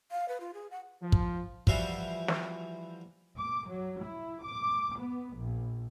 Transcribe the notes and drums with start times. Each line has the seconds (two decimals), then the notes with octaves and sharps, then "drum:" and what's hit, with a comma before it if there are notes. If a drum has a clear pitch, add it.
0.12 F5
0.29 B4
0.40 F4
0.54 G#4
0.71 F#5
1.02 F3
1.12 drum: kick
1.67 E3 F3 G3 E4 F#4 F5, drum: kick
2.28 drum: snare
3.38 D6
3.69 F#3
4.03 E4
4.44 D6
4.98 B3
5.35 A#1